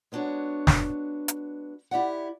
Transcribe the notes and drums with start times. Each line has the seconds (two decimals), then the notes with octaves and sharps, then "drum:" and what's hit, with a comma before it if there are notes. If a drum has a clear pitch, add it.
0.12 G#3 B3 D4 F#4 C#5
0.67 drum: snare
1.28 drum: hi-hat
1.91 E4 G4 D5 F#5